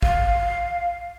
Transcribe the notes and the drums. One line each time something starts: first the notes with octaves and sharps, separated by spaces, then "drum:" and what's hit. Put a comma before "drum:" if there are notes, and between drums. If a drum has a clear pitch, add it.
F5, drum: kick